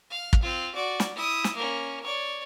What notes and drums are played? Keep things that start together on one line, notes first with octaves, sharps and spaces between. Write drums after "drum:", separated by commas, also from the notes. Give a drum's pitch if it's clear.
F5
drum: kick
C4 F4
F#4 D5
drum: snare
E4 D#6
drum: snare
A#3 C#4
C#5 D5